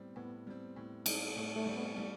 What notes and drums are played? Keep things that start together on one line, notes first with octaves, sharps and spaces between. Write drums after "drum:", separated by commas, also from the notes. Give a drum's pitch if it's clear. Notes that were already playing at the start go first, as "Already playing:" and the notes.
Already playing: A2 G3 B3 C4
A2 B3
G3 C4
A2
G3 C4, drum: cymbal
A2 A3
A3
G3
C4
B3
G3